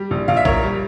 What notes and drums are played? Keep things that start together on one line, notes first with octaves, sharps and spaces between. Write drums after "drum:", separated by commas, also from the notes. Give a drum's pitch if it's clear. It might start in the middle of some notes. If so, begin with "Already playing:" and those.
Already playing: G3
A#1
A#1 F5
E5
A#1 A#4 C#5, drum: kick A1
G3